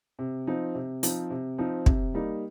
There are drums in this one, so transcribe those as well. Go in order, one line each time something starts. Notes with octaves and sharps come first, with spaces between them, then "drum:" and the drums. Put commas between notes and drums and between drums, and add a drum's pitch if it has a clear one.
C3
F3 C4 D#4
C3
F3 C4 D#4, drum: hi-hat
C3
F3 C4 D#4
C3, drum: kick
G3 A#3 D#4